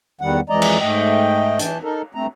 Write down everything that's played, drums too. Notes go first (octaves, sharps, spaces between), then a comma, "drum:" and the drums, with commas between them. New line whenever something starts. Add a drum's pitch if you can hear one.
E2 D#3 G3 F#5
F2 E3 G#3 D5 D#5 A#5
drum: cymbal
G#2 A3 D#5 G5
E3 G5 A5, drum: hi-hat
D#4 A4 A#4
G2 A3 C4 A#5